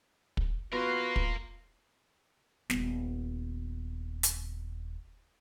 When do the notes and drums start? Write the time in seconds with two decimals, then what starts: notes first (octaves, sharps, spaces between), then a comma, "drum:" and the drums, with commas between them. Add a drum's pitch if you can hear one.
0.37 drum: kick
0.72 B3 F4 F#4 A#4 F5
1.16 drum: kick
2.70 D#1 B3, drum: snare
4.23 drum: hi-hat